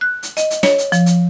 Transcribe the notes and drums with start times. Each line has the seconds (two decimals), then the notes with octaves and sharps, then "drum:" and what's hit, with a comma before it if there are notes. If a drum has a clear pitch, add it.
0.01 F#6
0.23 drum: hi-hat
0.37 D#5, drum: hi-hat
0.50 drum: hi-hat
0.63 C#5, drum: snare
0.78 drum: hi-hat
0.92 F3, drum: hi-hat
1.06 drum: hi-hat